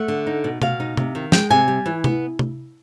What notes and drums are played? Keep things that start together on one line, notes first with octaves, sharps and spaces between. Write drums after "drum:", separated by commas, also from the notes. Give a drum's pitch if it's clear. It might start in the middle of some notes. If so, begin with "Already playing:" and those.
Already playing: A3 F#5
D3
D#4
B2
B2 F5, drum: tom C3
D#4
C3, drum: tom C3
D#3
G#3 G5, drum: snare
C3 G#5
G3
E3
B3, drum: tom C3
drum: tom C3